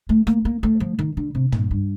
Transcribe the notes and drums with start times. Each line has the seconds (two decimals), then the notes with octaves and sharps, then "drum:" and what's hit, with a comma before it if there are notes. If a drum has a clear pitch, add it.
0.09 A3
0.27 A#3, drum: rim click
0.45 A#3
0.63 A3
0.80 F3
0.99 D#3
1.17 D3
1.35 C3
1.52 A#2, drum: tom
1.71 G2